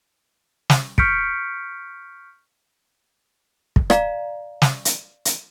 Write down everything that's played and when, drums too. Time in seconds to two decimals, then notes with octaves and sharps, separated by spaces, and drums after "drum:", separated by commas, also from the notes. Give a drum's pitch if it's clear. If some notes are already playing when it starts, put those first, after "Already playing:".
0.70 drum: snare
0.98 C#6 F6 G6 B6 C#7 D7, drum: kick
3.76 drum: kick
3.90 D5 F5 A#5, drum: rim click
4.62 drum: snare
4.85 drum: hi-hat
5.25 drum: hi-hat